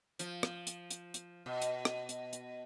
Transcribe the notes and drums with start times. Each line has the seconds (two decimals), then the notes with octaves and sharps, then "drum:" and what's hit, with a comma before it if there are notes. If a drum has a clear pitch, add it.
0.19 F3, drum: hi-hat
0.43 drum: rim click
0.67 drum: hi-hat
0.91 drum: hi-hat
1.14 drum: hi-hat
1.46 B2
1.62 drum: hi-hat
1.85 drum: rim click
2.09 drum: hi-hat
2.33 drum: hi-hat